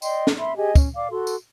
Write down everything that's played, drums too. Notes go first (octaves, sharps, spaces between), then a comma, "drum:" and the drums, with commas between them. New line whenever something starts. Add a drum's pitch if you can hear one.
D5 D#5 G5 C6, drum: tambourine
drum: snare
E5 B5 C6
G4 G#4 D#5 G#5
C#4, drum: kick, tambourine
D5 F5 D6
F#4 A4 C6
drum: tambourine